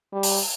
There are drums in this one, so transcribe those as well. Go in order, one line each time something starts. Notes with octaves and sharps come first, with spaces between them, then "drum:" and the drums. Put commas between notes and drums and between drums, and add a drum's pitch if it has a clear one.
G3
drum: open hi-hat